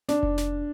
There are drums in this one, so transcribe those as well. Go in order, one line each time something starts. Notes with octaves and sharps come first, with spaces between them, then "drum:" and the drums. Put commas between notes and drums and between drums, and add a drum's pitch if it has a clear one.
D4, drum: snare
drum: kick F1
drum: snare